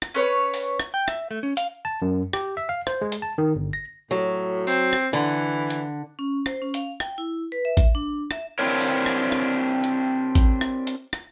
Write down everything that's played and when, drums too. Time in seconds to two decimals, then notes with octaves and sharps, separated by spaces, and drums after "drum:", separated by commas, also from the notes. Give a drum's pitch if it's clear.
0.02 drum: rim click
0.14 C#4 B4 C#5
0.54 drum: open hi-hat
0.80 drum: rim click
0.94 G5
1.08 E5, drum: rim click
1.31 A3
1.43 C#4
1.57 F5, drum: hi-hat
1.85 A5
2.02 F#2
2.33 G4, drum: rim click
2.57 E5
2.69 F5
2.87 C5, drum: rim click
3.02 G#3
3.12 drum: hi-hat
3.22 A5
3.38 D#3
3.56 G1
3.73 A#6
4.11 A2 F#3
4.67 C4, drum: open hi-hat
4.93 drum: rim click
5.13 D3 E3
5.70 drum: hi-hat
6.19 C#4
6.46 C5, drum: rim click
6.62 C#4
6.74 F5, drum: hi-hat
7.00 G5, drum: rim click
7.18 E4
7.52 B4
7.65 E5
7.77 drum: kick A1, hi-hat
7.95 D4
8.31 E5, drum: rim click
8.59 C4 D4 E4 G4 A#4 C#5
8.80 drum: open hi-hat
9.06 drum: rim click
9.32 drum: rim click
9.84 drum: hi-hat
10.35 drum: kick A1, hi-hat
10.61 drum: rim click
10.87 drum: hi-hat
11.13 drum: rim click